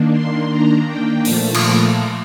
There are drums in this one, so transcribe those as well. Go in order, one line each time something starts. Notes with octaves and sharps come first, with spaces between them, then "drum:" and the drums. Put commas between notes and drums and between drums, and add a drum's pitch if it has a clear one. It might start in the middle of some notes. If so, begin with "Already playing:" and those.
Already playing: D#3 A#3 D4
C6
D#3 A#3 D4 A#5
G5
A#2 F3 A3 A5, drum: open hi-hat
drum: cymbal